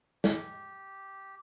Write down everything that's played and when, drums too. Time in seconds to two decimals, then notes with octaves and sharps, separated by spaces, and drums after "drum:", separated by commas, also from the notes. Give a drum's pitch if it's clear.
0.24 G4, drum: snare